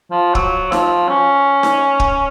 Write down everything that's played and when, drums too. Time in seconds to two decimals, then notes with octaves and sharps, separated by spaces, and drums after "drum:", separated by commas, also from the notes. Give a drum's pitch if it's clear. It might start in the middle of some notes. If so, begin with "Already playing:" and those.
0.11 F3
0.35 F#3, drum: kick
0.72 F3, drum: snare D#4
1.09 C#4
1.63 drum: snare D#4
2.00 drum: kick